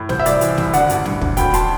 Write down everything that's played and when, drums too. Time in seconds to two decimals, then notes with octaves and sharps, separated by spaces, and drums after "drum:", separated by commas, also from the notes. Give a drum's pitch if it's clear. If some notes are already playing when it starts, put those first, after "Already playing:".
Already playing: A2
0.09 C2 C5, drum: snare
0.20 E5
0.26 C2 D5, drum: hi-hat
0.41 E3, drum: hi-hat
0.58 C2, drum: snare
0.73 D3 D5 F#5, drum: hi-hat
0.89 A1, drum: hi-hat
1.05 G2, drum: snare
1.22 D3, drum: kick
1.37 D2 G5 B5, drum: kick, hi-hat
1.53 A5 C6, drum: hi-hat